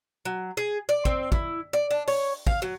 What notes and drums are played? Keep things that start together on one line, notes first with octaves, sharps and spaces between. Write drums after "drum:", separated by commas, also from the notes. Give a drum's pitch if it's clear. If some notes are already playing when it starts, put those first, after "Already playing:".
F#3
G#4
D5
C4, drum: kick
E4, drum: kick
D5
D4
C#5, drum: open hi-hat
F5, drum: kick
F#3